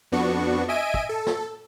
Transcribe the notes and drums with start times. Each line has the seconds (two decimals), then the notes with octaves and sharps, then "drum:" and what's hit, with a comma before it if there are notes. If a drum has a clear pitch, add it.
0.12 F2 B3 D4 F#4 C#6
0.69 D#5 E5 G#5 D7 D#7
0.94 drum: kick
1.09 A4
1.27 drum: snare